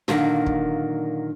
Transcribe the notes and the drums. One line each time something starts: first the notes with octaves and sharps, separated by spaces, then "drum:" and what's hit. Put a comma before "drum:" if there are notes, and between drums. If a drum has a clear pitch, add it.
A#2 D3 D#3 F#3 A#3, drum: snare
drum: kick